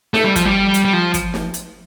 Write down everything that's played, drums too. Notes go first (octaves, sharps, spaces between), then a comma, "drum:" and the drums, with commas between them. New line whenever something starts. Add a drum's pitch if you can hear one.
A3, drum: snare
G3
F3, drum: kick, hi-hat
G3
drum: hi-hat
G3
F3
drum: kick, hi-hat
drum: snare
drum: hi-hat